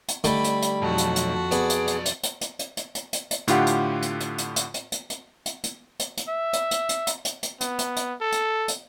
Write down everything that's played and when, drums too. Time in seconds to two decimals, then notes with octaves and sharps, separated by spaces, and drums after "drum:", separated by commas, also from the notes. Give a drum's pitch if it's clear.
0.08 drum: hi-hat
0.24 D3 G3 A3 D#4 B5, drum: hi-hat
0.44 drum: hi-hat
0.62 drum: hi-hat
0.82 B1 F2 F#4 A5
0.98 drum: hi-hat
1.16 drum: hi-hat
1.52 B1 B3 G#4 D5, drum: hi-hat
1.69 drum: hi-hat
1.87 drum: hi-hat
2.05 drum: hi-hat
2.23 drum: hi-hat
2.41 drum: hi-hat
2.59 drum: hi-hat
2.77 drum: hi-hat
2.95 drum: hi-hat
3.13 drum: hi-hat
3.31 drum: hi-hat
3.47 A2 D3 F4 G4 F#5, drum: hi-hat
3.66 drum: hi-hat
4.02 drum: hi-hat
4.20 drum: hi-hat
4.38 drum: hi-hat
4.56 drum: hi-hat
4.74 drum: hi-hat
4.92 drum: hi-hat
5.10 drum: hi-hat
5.46 drum: hi-hat
5.63 drum: hi-hat
5.99 drum: hi-hat
6.17 drum: hi-hat
6.28 E5
6.53 drum: hi-hat
6.71 drum: hi-hat
6.89 drum: hi-hat
7.07 drum: hi-hat
7.25 drum: hi-hat
7.43 drum: hi-hat
7.61 B3, drum: hi-hat
7.78 drum: hi-hat
7.96 drum: hi-hat
8.21 A4
8.32 drum: hi-hat
8.68 drum: hi-hat